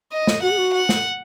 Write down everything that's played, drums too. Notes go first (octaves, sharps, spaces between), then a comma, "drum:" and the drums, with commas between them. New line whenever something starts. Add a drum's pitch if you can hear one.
D#5
drum: snare
F#4 F#5
G#4
F#4
F#5
drum: snare